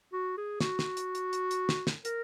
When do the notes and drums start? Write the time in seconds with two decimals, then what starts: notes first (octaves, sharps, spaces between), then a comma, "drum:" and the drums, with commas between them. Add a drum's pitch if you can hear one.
0.13 F#4
0.37 G#4
0.60 F#4, drum: snare
0.79 drum: snare
0.97 drum: hi-hat
1.15 drum: hi-hat
1.33 drum: hi-hat
1.51 drum: hi-hat
1.69 drum: snare
1.87 drum: snare
2.05 A#4, drum: hi-hat